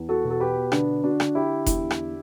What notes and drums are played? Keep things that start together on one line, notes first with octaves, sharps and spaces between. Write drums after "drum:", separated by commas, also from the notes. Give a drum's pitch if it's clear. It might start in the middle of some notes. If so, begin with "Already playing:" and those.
Already playing: E2
F#4 A4
B2
A4
G4 B4
D3 B3 D4, drum: rim click
D4 F#4
D3, drum: rim click
E4 G4
E2, drum: kick F1, hi-hat
drum: rim click